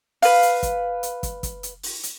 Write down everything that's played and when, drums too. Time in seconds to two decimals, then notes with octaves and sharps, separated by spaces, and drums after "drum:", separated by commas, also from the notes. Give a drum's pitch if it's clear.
0.22 B4 F5, drum: open hi-hat
0.43 drum: hi-hat
0.63 drum: kick, hi-hat
1.03 drum: hi-hat
1.23 drum: kick, hi-hat
1.43 drum: kick, hi-hat
1.63 drum: hi-hat
1.83 drum: open hi-hat
2.03 drum: hi-hat